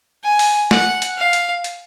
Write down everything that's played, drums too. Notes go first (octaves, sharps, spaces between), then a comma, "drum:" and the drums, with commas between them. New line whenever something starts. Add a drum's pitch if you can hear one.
G#5
drum: open hi-hat
F#5, drum: snare
drum: hi-hat
F5
drum: hi-hat
drum: hi-hat